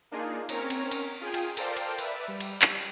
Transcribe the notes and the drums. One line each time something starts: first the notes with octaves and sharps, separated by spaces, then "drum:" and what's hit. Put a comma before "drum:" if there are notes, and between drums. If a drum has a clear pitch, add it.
A#3 D4 D#4 F4 G#4
C4 C#4 A#4 C#5 A#5, drum: cymbal
drum: cymbal
drum: cymbal
F4 G#4 G5 G#5
drum: cymbal
A4 A#4 C5 D5 F5 G5, drum: cymbal
drum: cymbal
B4 D5 E5, drum: cymbal
G3
drum: cymbal
drum: clap